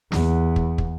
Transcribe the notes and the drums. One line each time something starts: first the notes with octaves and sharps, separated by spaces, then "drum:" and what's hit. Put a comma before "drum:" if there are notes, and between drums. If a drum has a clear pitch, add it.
E2, drum: snare
drum: kick
drum: kick